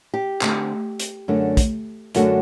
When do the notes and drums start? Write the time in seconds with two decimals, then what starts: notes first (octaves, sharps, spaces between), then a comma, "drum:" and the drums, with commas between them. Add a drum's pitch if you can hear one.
0.14 G4
0.41 D3 A3 C4, drum: clap
1.00 drum: hi-hat
1.28 F#2 D3 A3 D4
1.57 drum: kick, hi-hat
2.15 F#2 D3 A3 D4 F#4, drum: hi-hat